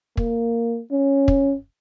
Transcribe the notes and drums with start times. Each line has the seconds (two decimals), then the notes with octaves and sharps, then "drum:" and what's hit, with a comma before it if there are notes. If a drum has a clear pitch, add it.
0.17 A#3, drum: kick
0.91 C#4
1.28 drum: kick